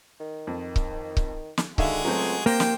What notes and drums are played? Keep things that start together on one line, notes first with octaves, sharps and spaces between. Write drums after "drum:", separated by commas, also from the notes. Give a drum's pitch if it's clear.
D#3
F2
drum: kick C#1
drum: kick C#1
drum: snare
D3 D#3 G#3 F#4 G#4 E5 F5, drum: kick C#1
C#2 F#3 A3 C4
A#3 C4 G4 C5 G5 A#6
drum: snare